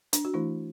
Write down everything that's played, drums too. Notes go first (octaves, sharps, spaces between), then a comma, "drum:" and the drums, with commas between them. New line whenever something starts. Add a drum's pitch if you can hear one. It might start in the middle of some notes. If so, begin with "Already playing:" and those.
D4, drum: hi-hat
F#4
E3 A3 D4 E4